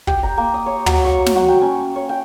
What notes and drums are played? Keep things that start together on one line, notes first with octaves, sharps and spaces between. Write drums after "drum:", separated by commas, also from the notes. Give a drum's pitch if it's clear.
G4, drum: kick
A#5
A#3
D#6
C#5
F#3, drum: tom
C#6
drum: snare
F#4
G5
C#4
C#5
G5